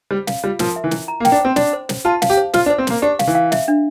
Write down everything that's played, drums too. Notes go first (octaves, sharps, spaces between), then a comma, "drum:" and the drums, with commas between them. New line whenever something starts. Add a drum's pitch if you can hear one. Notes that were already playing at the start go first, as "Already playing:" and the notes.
G3 C5
F5, drum: snare
G3 F4
F3 A#4, drum: snare
E5
E3
E4, drum: snare
A#5
A#3
G5, drum: snare
D4
C4 C5
D4 C6, drum: snare
C5
C5, drum: snare
F4 A5
F5, drum: snare
G4
C5
F4 C5, drum: snare
D4
C5
C4
A#3 C5, drum: snare
D4 G4
F5, drum: snare
E3
F5
E5, drum: snare
D4